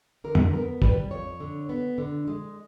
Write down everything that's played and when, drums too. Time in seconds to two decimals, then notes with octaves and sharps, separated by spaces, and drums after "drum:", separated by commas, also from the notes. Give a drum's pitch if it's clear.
0.24 D3 A#4
0.35 drum: tom
0.53 B3 A#4
0.82 G3 B4, drum: kick
1.11 F2 C#5
1.40 D3
1.69 B3
1.98 D3
2.28 G#3